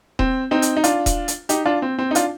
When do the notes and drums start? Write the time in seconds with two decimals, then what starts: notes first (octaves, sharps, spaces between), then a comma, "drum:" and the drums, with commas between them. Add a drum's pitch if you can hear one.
0.19 C4, drum: kick D#1
0.51 C4 D#4
0.62 drum: hi-hat
0.77 D#4
0.84 D4 F4, drum: hi-hat
1.06 drum: kick D#1, hi-hat
1.28 drum: hi-hat
1.49 D#4 G4, drum: hi-hat
1.66 D4 F4
1.82 C4
1.99 C4
2.11 D#4
2.15 D4 F4, drum: hi-hat